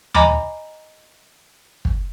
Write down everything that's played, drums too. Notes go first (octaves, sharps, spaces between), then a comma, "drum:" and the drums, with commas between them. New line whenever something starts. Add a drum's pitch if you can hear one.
D#5 G#5 A#5 B5 D6, drum: tom D#2
drum: kick